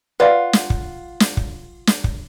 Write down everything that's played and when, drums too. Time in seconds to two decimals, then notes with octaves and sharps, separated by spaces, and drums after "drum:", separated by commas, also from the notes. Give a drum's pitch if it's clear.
0.20 F4 B4 D5 F5 F#5
0.53 drum: snare
0.70 drum: kick
1.20 drum: snare
1.37 drum: kick
1.87 drum: snare
2.04 drum: kick